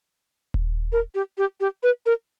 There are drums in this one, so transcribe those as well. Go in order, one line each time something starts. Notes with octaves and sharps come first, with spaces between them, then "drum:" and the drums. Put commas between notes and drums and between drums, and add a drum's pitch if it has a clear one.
drum: kick D#1
A#4
G4
G4
G4
B4
A#4